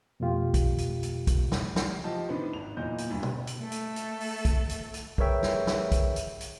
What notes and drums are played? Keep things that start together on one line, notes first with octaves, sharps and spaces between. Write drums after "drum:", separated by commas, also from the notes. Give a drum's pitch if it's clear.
F2 B2 A3 F4 G4
drum: kick, hi-hat
drum: hi-hat
drum: hi-hat
drum: kick, hi-hat
drum: snare
drum: snare
F3 G4 D#5 A5
A2 D#3 B3 C4 D4 D#4
G#1 F7
F#1 E2 A#2 D#5 G6
drum: hi-hat
D2 G2
drum: tom
drum: hi-hat
A3 A4
drum: hi-hat
drum: hi-hat
drum: open hi-hat
drum: kick, hi-hat
drum: hi-hat
drum: hi-hat
G#4 A#4 B4 C#5 E5 G5, drum: kick
drum: snare
drum: snare
drum: kick, hi-hat
drum: hi-hat
drum: hi-hat